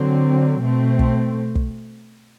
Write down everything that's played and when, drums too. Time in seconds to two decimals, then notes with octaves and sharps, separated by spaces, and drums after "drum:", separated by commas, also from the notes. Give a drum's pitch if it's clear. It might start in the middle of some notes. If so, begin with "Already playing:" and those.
Already playing: D3 F#3 C4
0.62 B2 A3 C4
0.99 drum: kick
1.55 drum: kick